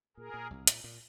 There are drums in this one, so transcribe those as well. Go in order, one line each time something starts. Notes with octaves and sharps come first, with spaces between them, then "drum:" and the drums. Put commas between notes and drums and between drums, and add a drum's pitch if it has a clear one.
A#2 G#4 A#4
A#2
C2
A#2, drum: hi-hat
A#2